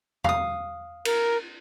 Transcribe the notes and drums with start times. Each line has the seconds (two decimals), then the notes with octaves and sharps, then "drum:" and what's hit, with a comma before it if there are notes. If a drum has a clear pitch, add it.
0.24 F5 D#6, drum: tom E2
1.05 A#4, drum: cymbal